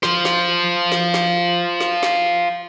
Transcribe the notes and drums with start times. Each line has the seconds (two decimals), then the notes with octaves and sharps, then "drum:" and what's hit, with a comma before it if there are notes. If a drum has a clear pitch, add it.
0.03 F4 C5, drum: snare
0.25 drum: snare
0.92 drum: snare
1.14 drum: snare
1.81 drum: snare
2.03 drum: snare